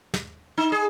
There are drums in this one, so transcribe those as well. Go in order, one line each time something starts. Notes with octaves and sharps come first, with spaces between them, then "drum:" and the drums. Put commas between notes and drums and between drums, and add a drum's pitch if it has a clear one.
drum: snare
D#4
G#4